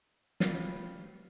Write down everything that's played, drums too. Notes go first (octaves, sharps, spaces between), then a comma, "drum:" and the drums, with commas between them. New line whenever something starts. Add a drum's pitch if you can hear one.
C3 F#3 A3 C#4 F4 G4 B4, drum: snare